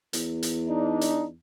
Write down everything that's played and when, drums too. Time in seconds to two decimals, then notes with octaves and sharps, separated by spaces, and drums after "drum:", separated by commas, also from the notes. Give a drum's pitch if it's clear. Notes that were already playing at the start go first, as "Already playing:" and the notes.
0.13 E2, drum: hi-hat
0.43 drum: hi-hat
0.68 D4 D#4
1.01 drum: hi-hat